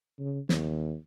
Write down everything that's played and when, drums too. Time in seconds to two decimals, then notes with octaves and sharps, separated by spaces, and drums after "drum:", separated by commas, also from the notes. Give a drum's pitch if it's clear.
0.19 C#3
0.49 D#2, drum: snare